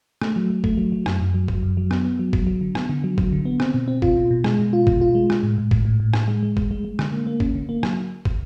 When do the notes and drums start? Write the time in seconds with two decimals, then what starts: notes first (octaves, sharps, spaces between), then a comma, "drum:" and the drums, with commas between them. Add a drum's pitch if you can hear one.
0.22 A3, drum: rim click
0.36 F#3
0.50 F#3
0.64 A3, drum: kick
0.77 F#3
0.92 F#3
1.06 F#2, drum: rim click
1.20 F#2
1.34 F#3
1.48 F#3, drum: kick
1.63 F#2
1.77 F#3
1.91 B3, drum: rim click
2.05 B3
2.19 F#3
2.33 F#3, drum: kick
2.47 F#3
2.61 D3
2.75 B3, drum: rim click
2.89 D3
3.04 F#3
3.18 F#3, drum: kick
3.32 D3
3.45 B3
3.60 C4, drum: rim click
3.74 B2
3.88 C4
4.02 F4, drum: kick
4.16 B2
4.31 B2
4.44 G#3, drum: rim click
4.59 B2
4.73 F4
4.87 B2, drum: kick
5.01 F4
5.15 G#3
5.30 G#3, drum: rim click
5.43 A2
5.58 A2
5.71 A2, drum: kick
5.85 A2
6.00 A2
6.13 A2, drum: rim click
6.28 G#3
6.43 G#3
6.57 G#3, drum: kick
6.71 G#3
6.85 G#3
6.99 D3, drum: rim click
7.12 A#3
7.27 A#3
7.40 C#4, drum: kick
7.55 D3
7.69 A#3
7.83 F#3, drum: rim click
8.25 drum: kick